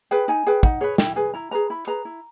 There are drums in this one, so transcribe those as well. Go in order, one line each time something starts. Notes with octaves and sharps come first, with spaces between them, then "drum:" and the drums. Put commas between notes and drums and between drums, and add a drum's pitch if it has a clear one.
G#4 B4 G5
D#4 G#5
G#4 B4 G5
D#4 F#5, drum: kick
G#4 B4 C#5
E4 G5, drum: snare
G#4 B4 G#5
E4 A#5
G#4 B4 A#5
E4 B5
G#4 B4 A#5
E4